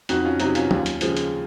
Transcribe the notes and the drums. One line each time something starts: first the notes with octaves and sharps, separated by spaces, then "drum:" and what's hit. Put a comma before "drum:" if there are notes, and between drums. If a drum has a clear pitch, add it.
F2 D#4 F#4, drum: hi-hat
C#4 F4
C3 F#3 C4 D#4, drum: hi-hat
C#4 F4, drum: hi-hat
D#2, drum: tom
drum: hi-hat
C#3 F3 G#3, drum: hi-hat
drum: hi-hat